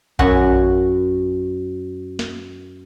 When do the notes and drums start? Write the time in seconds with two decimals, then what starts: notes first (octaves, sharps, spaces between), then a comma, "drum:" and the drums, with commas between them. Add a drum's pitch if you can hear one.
0.19 F#2 F#4 F#5 G#5, drum: kick A#1
2.19 drum: snare